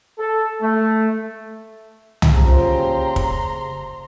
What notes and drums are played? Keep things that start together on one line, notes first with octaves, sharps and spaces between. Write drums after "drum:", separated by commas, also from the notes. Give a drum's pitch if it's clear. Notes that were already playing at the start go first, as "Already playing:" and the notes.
A4
A3
drum: tom
E2 A#2 C#3 F3 C#4 G4 A#5 C6
drum: kick